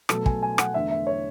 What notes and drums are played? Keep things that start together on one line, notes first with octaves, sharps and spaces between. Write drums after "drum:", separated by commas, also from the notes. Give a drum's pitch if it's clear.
B2 F#3 A3 A4, drum: rim click
G#5, drum: kick
G#5
F#5, drum: rim click
E2 D3 A3 E5
E5
C#5